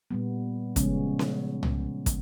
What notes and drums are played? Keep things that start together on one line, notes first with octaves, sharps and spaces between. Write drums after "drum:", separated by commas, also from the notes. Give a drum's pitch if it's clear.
A#2 G3 B3
C#3 F3 G#3 B3 C#4, drum: kick, hi-hat
drum: snare C#4
drum: tom C2
drum: kick, hi-hat